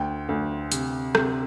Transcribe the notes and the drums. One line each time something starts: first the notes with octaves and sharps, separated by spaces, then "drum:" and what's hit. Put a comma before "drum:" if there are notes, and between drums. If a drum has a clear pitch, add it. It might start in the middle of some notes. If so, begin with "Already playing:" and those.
Already playing: D2 G5
D2
C3, drum: hi-hat
C3, drum: rim click